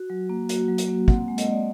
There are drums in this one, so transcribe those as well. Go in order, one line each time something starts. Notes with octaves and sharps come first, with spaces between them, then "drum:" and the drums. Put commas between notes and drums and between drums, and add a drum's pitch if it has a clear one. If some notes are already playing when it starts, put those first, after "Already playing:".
Already playing: F#4
F#3
A#3
F#4, drum: hi-hat
F#3
drum: hi-hat
A#3
C4 F#5, drum: kick
G#3
D#5, drum: hi-hat
G#3 D5